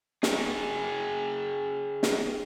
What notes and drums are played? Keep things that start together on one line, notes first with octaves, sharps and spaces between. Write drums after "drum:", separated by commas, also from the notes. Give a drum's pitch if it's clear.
G#4 C#5 G5, drum: snare
drum: snare